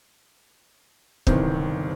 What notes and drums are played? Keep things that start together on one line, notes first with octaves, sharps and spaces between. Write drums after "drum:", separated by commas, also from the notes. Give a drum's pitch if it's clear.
G1 C2 D#3 E3 C4, drum: kick